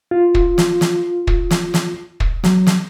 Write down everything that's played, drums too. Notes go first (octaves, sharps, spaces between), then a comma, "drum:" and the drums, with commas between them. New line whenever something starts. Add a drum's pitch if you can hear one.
F4
drum: kick
drum: snare
drum: snare
drum: kick
drum: snare
drum: snare
drum: kick
F#3, drum: snare
drum: snare